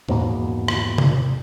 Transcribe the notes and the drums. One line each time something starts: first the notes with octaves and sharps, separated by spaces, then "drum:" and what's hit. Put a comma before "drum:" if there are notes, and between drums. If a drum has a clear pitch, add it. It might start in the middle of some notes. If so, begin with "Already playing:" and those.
E2 G#2 B2 A#3, drum: tom A2
drum: rim click
drum: tom C3